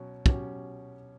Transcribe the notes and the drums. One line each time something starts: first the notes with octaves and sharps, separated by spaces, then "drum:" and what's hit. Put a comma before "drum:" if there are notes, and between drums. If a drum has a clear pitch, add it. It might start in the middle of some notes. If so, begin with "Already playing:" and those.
Already playing: B2 F#3 C#4
B2 F#3 C#4 G4, drum: kick